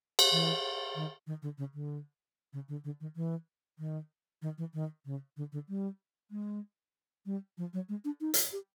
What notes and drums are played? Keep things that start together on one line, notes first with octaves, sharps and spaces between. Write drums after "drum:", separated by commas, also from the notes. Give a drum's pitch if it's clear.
drum: cymbal
E3
D#3
D#3
D3
C#3
D3
C#3
D3
D3
D#3
E3
D#3
D#3
E3
D#3
C#3
D3
D3
G3
G#3
G3
F3
F#3
G#3
D4
D#4
drum: hi-hat
G4